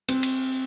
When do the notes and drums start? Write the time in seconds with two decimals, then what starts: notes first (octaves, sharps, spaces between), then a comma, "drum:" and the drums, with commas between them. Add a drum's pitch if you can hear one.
0.09 C4, drum: cymbal
0.23 drum: cymbal